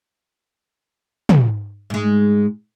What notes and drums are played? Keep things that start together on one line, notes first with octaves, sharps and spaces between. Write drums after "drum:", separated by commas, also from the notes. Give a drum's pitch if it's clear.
drum: tom
G#2 G#3